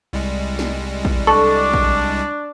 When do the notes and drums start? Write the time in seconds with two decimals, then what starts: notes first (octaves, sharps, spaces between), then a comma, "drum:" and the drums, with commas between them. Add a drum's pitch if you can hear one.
0.13 C2 G3 G#3
0.59 drum: snare
1.05 drum: kick A#1
1.27 D4 A4 C#6
1.74 drum: kick A#1